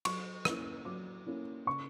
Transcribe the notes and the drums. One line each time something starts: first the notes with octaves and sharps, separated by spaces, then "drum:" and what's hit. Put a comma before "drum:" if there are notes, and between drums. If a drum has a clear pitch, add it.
F#3 C#6, drum: cymbal
A#3 C#4 E4, drum: rim click
F#3 D6
A#3 C#4 E4
C#3 C#6